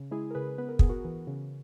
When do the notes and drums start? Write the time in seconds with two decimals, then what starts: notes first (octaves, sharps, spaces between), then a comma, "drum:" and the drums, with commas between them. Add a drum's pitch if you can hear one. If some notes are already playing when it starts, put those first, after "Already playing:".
Already playing: C#3
0.11 G#3 E4 G#4
0.31 A#4
0.35 C#3 G#4 B4
0.58 B3 B4
0.69 A#4
0.79 B3 G#4, drum: kick
0.89 F#4 A#4
1.05 E3
1.27 C#3